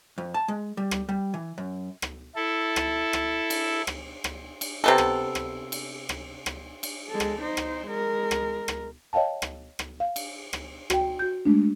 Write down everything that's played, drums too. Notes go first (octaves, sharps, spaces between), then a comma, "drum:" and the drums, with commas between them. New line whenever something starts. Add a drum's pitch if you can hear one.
F2
A5
G#3
G3
drum: rim click
G3
E3
F#2
drum: rim click
E4 A4
drum: rim click
drum: rim click
drum: cymbal
drum: rim click
drum: rim click
drum: cymbal
C3 B3 A4
drum: rim click
drum: rim click
drum: cymbal
drum: rim click
drum: rim click
drum: cymbal
G#3 A4
drum: rim click
D#4 C5
drum: rim click
G#3 A#4
drum: rim click
drum: rim click
C#5 D#5 F5 G5 A5
drum: rim click
drum: rim click
F5
drum: cymbal
drum: rim click
F#4 G5, drum: rim click
F#4 G6
G#3 A3 D4